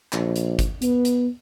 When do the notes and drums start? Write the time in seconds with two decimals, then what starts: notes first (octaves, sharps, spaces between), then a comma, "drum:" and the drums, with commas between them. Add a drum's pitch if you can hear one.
0.13 A#1, drum: clap
0.36 drum: hi-hat
0.59 drum: kick G1, hi-hat
0.82 B3, drum: hi-hat
1.05 drum: hi-hat